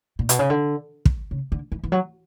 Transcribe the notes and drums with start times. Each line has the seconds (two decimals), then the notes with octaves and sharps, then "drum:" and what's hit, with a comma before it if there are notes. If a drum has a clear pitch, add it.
0.19 A#2
0.29 B2, drum: hi-hat
0.39 C#3
0.50 D3
1.05 drum: kick
1.31 C#3
1.52 D3
1.72 E3
1.84 E3
1.92 F#3